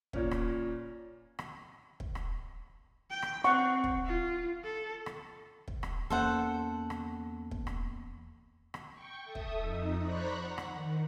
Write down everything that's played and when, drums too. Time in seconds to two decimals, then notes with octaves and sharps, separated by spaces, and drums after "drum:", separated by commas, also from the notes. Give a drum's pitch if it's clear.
0.13 A#2 C#4, drum: kick
0.31 drum: rim click
1.39 drum: rim click
2.00 drum: kick
2.15 drum: rim click
3.10 G5
3.22 drum: rim click
3.44 C4 F#5 C#6
3.84 drum: kick
4.05 F4
4.64 A4
5.06 drum: rim click
5.68 drum: kick
5.83 drum: rim click
6.10 E2 A#3 C#4 A4 C5 F#5
6.90 drum: rim click
7.51 drum: kick
7.67 drum: rim click
8.74 drum: rim click
8.92 G5 C#6
9.23 A4 E5 D#6
9.35 drum: kick
9.57 F2 D#4
10.00 C5 D5 A#5 B5 C#6 F#6
10.40 F#5
10.58 drum: rim click
10.73 D#3